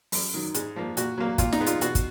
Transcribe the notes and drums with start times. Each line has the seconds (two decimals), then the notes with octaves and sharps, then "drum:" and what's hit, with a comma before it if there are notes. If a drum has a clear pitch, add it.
0.12 F#2, drum: open hi-hat
0.34 D#3 F#3
0.55 G#2 G#4, drum: hi-hat
0.76 F3 A#3
0.97 A#2 F#4, drum: hi-hat
1.18 F#3 A#3
1.38 A#2 F4, drum: kick, hi-hat
1.52 D#4, drum: snare
1.60 G#3 B3
1.67 F4, drum: hi-hat
1.81 B2 F#4, drum: hi-hat
1.95 drum: kick, hi-hat